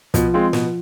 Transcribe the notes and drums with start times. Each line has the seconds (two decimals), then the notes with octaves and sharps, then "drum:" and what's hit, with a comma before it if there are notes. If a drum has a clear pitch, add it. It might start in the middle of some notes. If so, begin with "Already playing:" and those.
0.14 B2 F3, drum: kick, hi-hat
0.34 G#3 C4 F4
0.53 B2, drum: snare